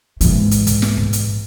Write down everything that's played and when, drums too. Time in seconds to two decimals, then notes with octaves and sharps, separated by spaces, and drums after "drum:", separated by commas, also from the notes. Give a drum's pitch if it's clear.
0.21 G#2 E3, drum: hi-hat
0.51 drum: hi-hat
0.67 drum: kick, hi-hat
0.82 drum: snare
0.97 drum: kick
1.13 drum: hi-hat